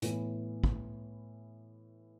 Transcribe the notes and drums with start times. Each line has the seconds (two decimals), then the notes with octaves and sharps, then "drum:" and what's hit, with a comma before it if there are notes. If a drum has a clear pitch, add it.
0.02 A2 E3 B3, drum: hi-hat
0.64 drum: kick